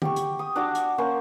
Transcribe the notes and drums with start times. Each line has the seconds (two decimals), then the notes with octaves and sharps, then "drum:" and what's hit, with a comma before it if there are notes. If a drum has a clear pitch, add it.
0.02 G4 G5 C#6, drum: tom D3
0.16 drum: hi-hat
0.39 D#6
0.56 D4 F#4 D6
0.75 drum: hi-hat
0.98 A#3 C#4 C5 C#6